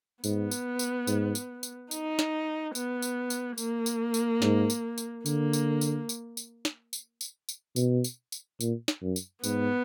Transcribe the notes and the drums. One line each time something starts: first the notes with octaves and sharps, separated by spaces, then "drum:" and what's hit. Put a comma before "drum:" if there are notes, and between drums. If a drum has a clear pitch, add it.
G#2 B3, drum: tambourine
drum: tambourine
drum: tambourine
G#2, drum: tambourine
drum: tambourine
drum: tambourine
D#4, drum: tambourine
drum: snare
B3, drum: tambourine
drum: tambourine
drum: tambourine
A#3, drum: tambourine
drum: tambourine
drum: tambourine
G#2, drum: snare
drum: tambourine
drum: tambourine
D3 A#3, drum: tambourine
drum: tambourine
drum: tambourine
drum: tambourine
drum: tambourine
drum: snare
drum: tambourine
drum: tambourine
drum: tambourine
B2, drum: tambourine
drum: tambourine
drum: tambourine
A#2, drum: tambourine
drum: snare
F#2
drum: tambourine
G#2 B3, drum: tambourine